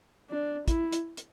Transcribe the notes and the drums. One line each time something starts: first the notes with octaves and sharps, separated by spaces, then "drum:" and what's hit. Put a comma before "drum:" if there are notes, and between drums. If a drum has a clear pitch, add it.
D4
E4, drum: kick, hi-hat
drum: hi-hat
drum: hi-hat